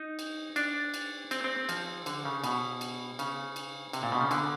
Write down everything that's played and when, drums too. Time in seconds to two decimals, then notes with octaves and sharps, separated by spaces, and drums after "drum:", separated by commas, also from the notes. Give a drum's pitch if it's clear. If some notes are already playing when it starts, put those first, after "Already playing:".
Already playing: D#4
0.19 drum: cymbal
0.56 D4, drum: cymbal
0.94 drum: cymbal
1.31 C4, drum: cymbal
1.44 C4
1.69 F3, drum: cymbal
2.06 D3, drum: cymbal
2.25 C#3
2.44 B2, drum: cymbal
2.81 drum: cymbal
3.19 C#3, drum: cymbal
3.56 drum: cymbal
3.93 C3, drum: cymbal
4.03 A#2
4.12 B2
4.21 C#3
4.31 D3, drum: cymbal